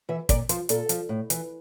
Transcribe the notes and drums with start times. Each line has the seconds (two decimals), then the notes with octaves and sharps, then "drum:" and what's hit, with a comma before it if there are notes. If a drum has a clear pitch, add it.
0.09 E3 E5
0.29 A#2 D5, drum: kick, hi-hat
0.49 F3 C5, drum: hi-hat
0.69 A#2 A4, drum: hi-hat
0.89 F3, drum: hi-hat
1.09 A2
1.30 E3, drum: hi-hat